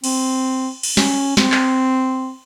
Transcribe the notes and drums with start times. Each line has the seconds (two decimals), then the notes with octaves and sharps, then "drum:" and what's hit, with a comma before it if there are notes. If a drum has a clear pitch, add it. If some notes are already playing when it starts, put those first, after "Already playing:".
0.04 C4, drum: cymbal
0.83 drum: cymbal
0.97 C#4, drum: snare
1.37 C4, drum: snare
1.52 drum: clap